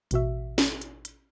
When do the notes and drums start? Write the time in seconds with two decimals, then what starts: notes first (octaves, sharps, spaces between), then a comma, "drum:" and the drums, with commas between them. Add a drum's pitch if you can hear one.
0.11 A1 B2 F#4 E5, drum: hi-hat
0.58 drum: snare
0.81 drum: hi-hat
1.05 drum: hi-hat